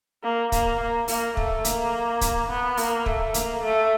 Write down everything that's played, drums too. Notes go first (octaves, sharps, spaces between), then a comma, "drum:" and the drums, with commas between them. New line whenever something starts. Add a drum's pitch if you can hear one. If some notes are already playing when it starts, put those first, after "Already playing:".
A#3
A#3, drum: kick, hi-hat
A#3
A#3, drum: open hi-hat
A3, drum: kick
A#3, drum: hi-hat
drum: kick, hi-hat
B3
A#3, drum: open hi-hat
A3, drum: kick
A#3, drum: hi-hat
A3